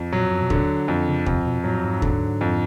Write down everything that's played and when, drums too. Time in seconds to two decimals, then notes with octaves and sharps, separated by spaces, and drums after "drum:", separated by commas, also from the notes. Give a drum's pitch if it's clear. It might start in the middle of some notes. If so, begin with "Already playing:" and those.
Already playing: F2
0.13 A#2 F#3
0.31 F#2
0.42 B2
0.50 A#2 D3, drum: kick D#2
0.88 F2
1.08 C#3
1.26 F2 C3, drum: kick D#2
1.46 B2
1.64 A2 F#3
1.84 G#2
2.02 D3, drum: kick D#2
2.41 F2